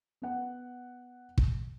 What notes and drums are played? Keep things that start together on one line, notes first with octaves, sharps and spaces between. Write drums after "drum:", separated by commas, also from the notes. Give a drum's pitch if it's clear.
B3 F#5
drum: kick